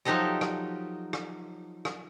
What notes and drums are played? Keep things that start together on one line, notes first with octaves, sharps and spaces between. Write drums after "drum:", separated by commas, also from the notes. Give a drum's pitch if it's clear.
F3 F#3 D#4 G4 A4 D#5
drum: rim click
drum: rim click
drum: rim click